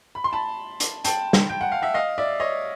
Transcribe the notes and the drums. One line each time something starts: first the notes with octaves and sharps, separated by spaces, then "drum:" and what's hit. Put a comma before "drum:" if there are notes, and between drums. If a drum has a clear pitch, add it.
B5
C6
A5 B5
drum: hi-hat
G5 A5, drum: hi-hat
drum: snare
G5
F#5
F5
E5 F#5
D#5 F5
D5 E5
C#5 D#5